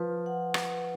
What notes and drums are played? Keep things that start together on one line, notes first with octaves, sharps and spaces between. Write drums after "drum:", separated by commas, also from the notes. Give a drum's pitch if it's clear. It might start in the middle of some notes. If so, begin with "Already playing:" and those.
Already playing: F3 F4 B4
F#5
drum: rim click
B4